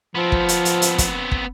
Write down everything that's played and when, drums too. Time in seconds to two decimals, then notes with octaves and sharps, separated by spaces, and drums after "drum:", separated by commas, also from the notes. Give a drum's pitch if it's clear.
0.15 F3 B3 C4
0.32 drum: kick
0.49 drum: hi-hat
0.65 drum: hi-hat
0.82 drum: hi-hat
0.98 drum: kick, hi-hat
1.31 drum: kick